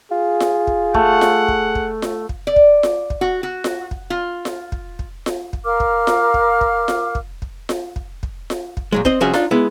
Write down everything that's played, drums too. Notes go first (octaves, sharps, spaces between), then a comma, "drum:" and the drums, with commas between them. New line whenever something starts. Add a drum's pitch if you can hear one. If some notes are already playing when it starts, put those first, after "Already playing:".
F4 G#4
drum: snare F4
drum: kick
A3 F#5, drum: kick
drum: snare F4
drum: kick
drum: kick
drum: snare F4
drum: kick
D5
drum: kick
drum: snare F4
drum: kick
F#4
F#4
drum: snare F4
drum: kick
F4
drum: snare F4
drum: kick
drum: kick
drum: snare F4
drum: kick
A#4 F5 D6 F6
drum: kick
drum: snare F4
drum: kick
drum: kick
drum: snare F4
drum: kick
drum: kick
drum: snare F4
drum: kick
drum: kick
drum: snare F4
drum: kick
A#2 F#3 G#3
C4 C5 D#5, drum: kick
C2 F3 C#4 F#4 G#4 E5
D4 D#4 F4, drum: snare F4
G#3 B3 E4